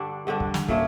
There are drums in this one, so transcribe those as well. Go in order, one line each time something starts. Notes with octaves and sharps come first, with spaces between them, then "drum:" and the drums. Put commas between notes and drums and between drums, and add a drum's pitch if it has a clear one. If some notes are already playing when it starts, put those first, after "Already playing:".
Already playing: G2 D3 G3 D4
G2 D3 G3 D4
drum: kick
drum: snare
A#2 A3 C#4, drum: kick